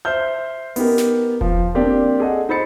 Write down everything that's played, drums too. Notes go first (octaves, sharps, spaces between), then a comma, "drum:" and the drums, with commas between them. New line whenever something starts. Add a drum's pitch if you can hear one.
C5 E5 F6 G6
B3 D#4 G4 A#4, drum: open hi-hat
drum: snare
F3, drum: kick E1
A#3 C4 D4 G4 D5
G#4 A4 D#5 F#5
D#4 C5 B5 A6 C#7